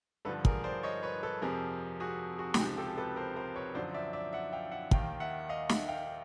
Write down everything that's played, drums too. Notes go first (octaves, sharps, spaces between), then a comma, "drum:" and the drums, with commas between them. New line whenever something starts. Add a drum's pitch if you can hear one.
G2 D3 F3 A4 B4
G#4 A#4, drum: kick
C5 D5
C#5 D#5
B4 C#5
A4 B4
F2 C3 F3 G#4 A#4
F#4 G#4
F#4 G#4
G4, drum: snare
C#2 C3 F3 F#4 G#4
G4 A4
A4 B4
A#4 C5
A#4 C5
B4 C#5
F#2 D3 F3 C5 D5
D5 E5
D5 E5
E5 F#5
F5 G5
E5 F#5
D#2 D#3 F5 G5, drum: kick
E5 F#5
D#5 F5
E5 F#5, drum: snare
F5 G5